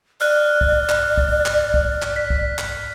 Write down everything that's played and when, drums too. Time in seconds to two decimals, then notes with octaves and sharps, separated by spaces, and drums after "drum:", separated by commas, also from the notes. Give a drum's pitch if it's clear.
0.21 D5 F6 F#6
0.61 drum: kick
0.89 drum: clap
1.18 drum: kick
1.46 drum: clap
1.74 drum: kick
2.02 drum: clap
2.16 B6
2.30 drum: kick
2.59 drum: clap